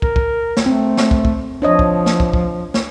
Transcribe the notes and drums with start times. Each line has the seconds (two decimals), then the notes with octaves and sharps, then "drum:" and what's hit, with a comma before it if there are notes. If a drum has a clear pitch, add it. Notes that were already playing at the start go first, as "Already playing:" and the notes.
0.02 A#4, drum: kick
0.16 drum: kick
0.57 drum: snare
0.66 A3 C4
0.97 drum: snare
1.11 drum: kick
1.25 drum: kick
1.62 F3 D4 C#5 D#5
1.79 drum: kick
2.06 drum: snare
2.20 drum: kick
2.33 drum: kick
2.74 drum: snare